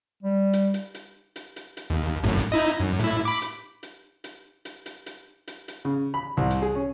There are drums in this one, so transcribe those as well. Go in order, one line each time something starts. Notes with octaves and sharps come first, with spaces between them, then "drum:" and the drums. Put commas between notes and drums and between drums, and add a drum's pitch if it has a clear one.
G3
drum: hi-hat
drum: hi-hat
drum: hi-hat
drum: hi-hat
drum: hi-hat
drum: hi-hat
D#2
G#1 F#2 A2
drum: hi-hat
D#4 E4 D#5
F#2
A2 E4, drum: hi-hat
B5 D6
drum: hi-hat
drum: hi-hat
drum: hi-hat
drum: hi-hat
drum: hi-hat
drum: hi-hat
drum: hi-hat
drum: hi-hat
C#3
B5
C2
drum: hi-hat
G#4
C#4